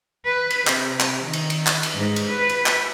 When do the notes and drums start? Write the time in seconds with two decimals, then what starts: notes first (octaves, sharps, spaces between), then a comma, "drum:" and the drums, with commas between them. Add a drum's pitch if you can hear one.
0.25 B4
0.50 drum: cymbal
0.67 C3, drum: clap
1.00 drum: clap
1.24 D#3
1.33 drum: cymbal
1.50 drum: cymbal
1.67 drum: clap
1.83 drum: cymbal
1.94 G#2
2.16 drum: cymbal
2.30 B4
2.49 drum: cymbal
2.66 drum: clap